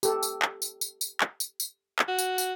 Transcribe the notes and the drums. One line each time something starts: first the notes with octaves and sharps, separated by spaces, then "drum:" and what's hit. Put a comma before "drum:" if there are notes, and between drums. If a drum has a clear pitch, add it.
G4 A4, drum: tambourine
drum: tambourine
drum: clap
drum: tambourine
drum: tambourine
drum: tambourine
drum: clap
drum: tambourine
drum: tambourine
drum: clap
F#4
drum: tambourine
drum: tambourine